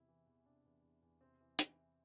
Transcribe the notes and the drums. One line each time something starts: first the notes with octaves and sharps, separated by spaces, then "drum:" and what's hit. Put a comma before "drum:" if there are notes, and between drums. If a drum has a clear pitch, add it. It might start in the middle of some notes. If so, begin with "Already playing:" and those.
Already playing: E2 C3 E4
E3
E2
C3 D4
E2
E2
E2
C3 C4
E3
E3, drum: hi-hat
E3